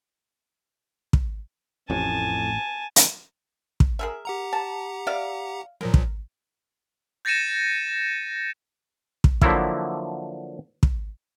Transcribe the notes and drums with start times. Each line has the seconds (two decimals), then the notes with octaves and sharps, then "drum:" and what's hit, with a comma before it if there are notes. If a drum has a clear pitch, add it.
1.13 drum: kick
1.90 A1 F2 A2 G#5 A5
2.96 drum: hi-hat
3.80 drum: kick
3.99 G#4 A#4 E5
4.25 G4 F#5 A#5
4.53 A5
5.07 D5 E5 F5
5.81 A#2 F3 F#3 A#4
5.94 drum: kick
7.25 G6 A6 A#6 C#7 D#7 E7
9.24 drum: kick
9.41 D3 F3 F#3 A#3 E4 E5, drum: kick
10.83 drum: kick